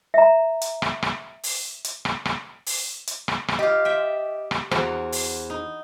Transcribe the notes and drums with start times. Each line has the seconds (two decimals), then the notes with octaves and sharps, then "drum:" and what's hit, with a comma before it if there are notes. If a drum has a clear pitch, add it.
0.14 E5 A#5
0.62 drum: hi-hat
0.82 drum: rim click
1.02 drum: rim click
1.43 drum: open hi-hat
1.84 drum: hi-hat
2.05 drum: rim click
2.25 drum: rim click
2.66 drum: open hi-hat
3.07 drum: hi-hat
3.28 drum: rim click
3.48 drum: rim click
3.59 F4 G4 D#5
3.85 E5 G5
4.51 drum: rim click
4.71 E2 F#4 C5 A#5, drum: rim click
5.12 drum: open hi-hat
5.50 D#4